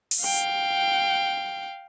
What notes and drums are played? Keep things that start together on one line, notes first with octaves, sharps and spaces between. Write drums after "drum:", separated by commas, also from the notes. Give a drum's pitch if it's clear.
drum: open hi-hat
F5 G5